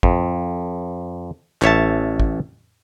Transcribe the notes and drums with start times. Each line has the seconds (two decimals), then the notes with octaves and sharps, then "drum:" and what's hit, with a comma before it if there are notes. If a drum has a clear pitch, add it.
0.03 F2, drum: kick
1.62 A1 C#5 E5 A5, drum: clap
2.20 drum: kick